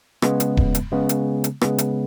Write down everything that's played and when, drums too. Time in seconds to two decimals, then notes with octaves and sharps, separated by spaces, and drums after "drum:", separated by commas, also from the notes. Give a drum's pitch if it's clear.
0.22 C#3 G#3 B3, drum: rim click
0.40 drum: hi-hat
0.57 drum: kick D#1
0.75 drum: hi-hat
0.92 C#3 G#3 B3
1.09 drum: hi-hat
1.44 drum: hi-hat
1.61 C#3 G#3 B3, drum: rim click
1.78 drum: hi-hat